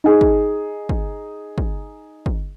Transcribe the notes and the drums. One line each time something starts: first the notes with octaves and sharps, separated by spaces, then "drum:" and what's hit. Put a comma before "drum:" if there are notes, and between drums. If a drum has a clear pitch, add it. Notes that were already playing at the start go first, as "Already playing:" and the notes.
D#4 G#4
drum: kick
drum: kick
drum: kick
drum: kick